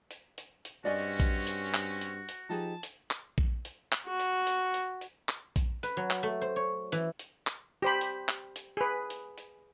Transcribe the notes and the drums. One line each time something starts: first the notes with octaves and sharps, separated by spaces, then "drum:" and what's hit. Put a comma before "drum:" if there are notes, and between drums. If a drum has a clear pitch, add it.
drum: hi-hat
drum: hi-hat
drum: hi-hat
G2 C4 C#4 F#4 D5 D#5 G#5
drum: kick A#1, hi-hat
drum: hi-hat
drum: clap
drum: hi-hat
drum: hi-hat
F3 D#4 G4 G#4 A5
drum: hi-hat
drum: clap
drum: kick A#1
drum: hi-hat
drum: clap
F#4
drum: hi-hat
drum: hi-hat
drum: hi-hat
drum: hi-hat
drum: clap
drum: kick A#1, hi-hat
B4, drum: hi-hat
F#3
drum: clap
A3
C5
C#5
E3, drum: hi-hat
drum: hi-hat
drum: clap
G4 C5 B5
drum: hi-hat
drum: clap
drum: hi-hat
G#4 B4
drum: hi-hat
drum: hi-hat